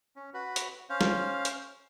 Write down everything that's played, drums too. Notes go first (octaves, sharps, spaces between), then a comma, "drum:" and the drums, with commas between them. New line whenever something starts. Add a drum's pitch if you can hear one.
C#4
F#4 B4
drum: hi-hat
C#4 C5 F5
drum: snare
drum: hi-hat